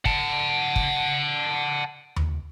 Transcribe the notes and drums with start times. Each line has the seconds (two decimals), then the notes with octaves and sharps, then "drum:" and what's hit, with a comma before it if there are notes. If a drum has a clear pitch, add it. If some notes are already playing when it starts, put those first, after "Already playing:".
0.05 F#5 A5, drum: kick
0.76 drum: kick
2.16 drum: tom D#2